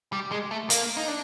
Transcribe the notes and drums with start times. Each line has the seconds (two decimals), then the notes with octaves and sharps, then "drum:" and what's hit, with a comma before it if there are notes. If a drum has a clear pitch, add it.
0.13 G3
0.31 G#3
0.51 A3
0.70 A#3, drum: hi-hat
0.97 D#4
1.08 D4